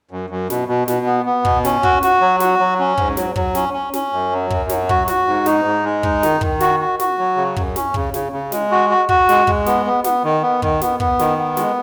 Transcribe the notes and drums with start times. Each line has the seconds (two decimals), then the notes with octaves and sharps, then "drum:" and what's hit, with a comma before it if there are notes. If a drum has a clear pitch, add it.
0.11 F#2
0.30 F#2
0.50 B2, drum: snare
0.68 B2
0.88 B2, drum: snare
1.06 B3
1.26 B3
1.45 B2, drum: kick
1.65 C#4, drum: snare
1.83 F#4, drum: kick
2.03 F#4, drum: snare
2.21 F#3
2.40 F#4, drum: snare
2.60 F#3
2.79 C#4
2.98 G#2, drum: kick
3.17 F#3, drum: snare
3.36 F#3, drum: kick
3.55 C#4, drum: snare
3.74 C#4
3.93 C#4, drum: snare
4.13 F#2
4.32 F#3
4.50 F#2, drum: kick
4.69 F#3, drum: snare
4.89 F#4, drum: kick
5.08 F#4, drum: snare
5.27 G#2
5.46 D#4, drum: snare
5.65 G#2
5.84 G#3
6.03 D#4, drum: kick
6.23 D#3, drum: snare
6.41 D#3, drum: kick
6.60 F#4, drum: snare
6.80 F#4
7.00 F#4, drum: snare
7.18 F#3
7.37 C#3
7.56 F#2, drum: kick
7.76 C#4, drum: snare
7.94 C#3, drum: kick
8.14 C#3, drum: snare
8.32 C#3
8.52 G#3, drum: snare
8.71 F#4
8.90 F#4
9.09 F#4, drum: kick
9.29 G#3, drum: snare
9.47 G#3, drum: kick
9.66 B3, drum: snare
9.86 B3
10.04 B3, drum: snare
10.24 D#3
10.42 B3
10.62 D#3, drum: kick
10.81 B3, drum: snare
11.00 B3, drum: kick
11.19 D#3, drum: snare
11.38 B3
11.57 G#3, drum: snare